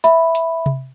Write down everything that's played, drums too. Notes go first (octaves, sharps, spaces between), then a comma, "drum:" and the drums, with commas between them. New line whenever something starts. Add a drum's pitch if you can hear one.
E5 B5, drum: hi-hat
drum: hi-hat
drum: tom C3